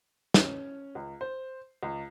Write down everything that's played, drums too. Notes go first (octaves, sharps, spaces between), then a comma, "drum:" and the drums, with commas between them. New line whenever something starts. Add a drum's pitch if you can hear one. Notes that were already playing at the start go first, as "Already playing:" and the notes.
C#4, drum: snare
C#2
C5
C#2